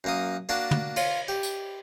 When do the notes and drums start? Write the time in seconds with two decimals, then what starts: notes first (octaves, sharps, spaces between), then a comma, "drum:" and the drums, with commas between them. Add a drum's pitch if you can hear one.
0.04 F#2 A#3 D#6
0.49 A#3 D4 F#4 A5
0.71 drum: tom
0.96 F4, drum: cymbal
1.28 G4
1.43 drum: tambourine